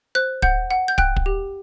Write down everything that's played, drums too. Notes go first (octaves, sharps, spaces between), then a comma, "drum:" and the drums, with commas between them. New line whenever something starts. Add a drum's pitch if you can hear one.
C5 F#6
F#5 G6, drum: kick
F#5
G6
G5 F#6, drum: kick
drum: kick
G4